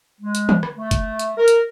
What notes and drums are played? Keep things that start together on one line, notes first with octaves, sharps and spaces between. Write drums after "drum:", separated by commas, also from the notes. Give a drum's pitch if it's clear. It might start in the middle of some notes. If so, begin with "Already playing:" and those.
G#3
drum: hi-hat
drum: tom
drum: rim click
A3
drum: kick, hi-hat
drum: hi-hat
A#4
drum: hi-hat